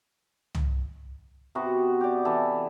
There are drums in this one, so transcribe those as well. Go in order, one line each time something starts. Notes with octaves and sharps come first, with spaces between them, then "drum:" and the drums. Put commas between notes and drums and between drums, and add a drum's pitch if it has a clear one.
drum: tom
C3 B3 F#4
G4 D5
E3 A4